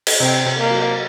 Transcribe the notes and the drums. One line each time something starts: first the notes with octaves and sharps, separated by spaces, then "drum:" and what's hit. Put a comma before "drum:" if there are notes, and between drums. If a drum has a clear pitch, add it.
drum: cymbal
C3 C4
C3
A#3
F#3